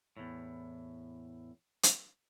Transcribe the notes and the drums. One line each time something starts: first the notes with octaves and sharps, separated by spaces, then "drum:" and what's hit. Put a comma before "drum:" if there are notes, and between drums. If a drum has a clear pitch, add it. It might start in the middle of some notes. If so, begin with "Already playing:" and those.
E2 A2
drum: hi-hat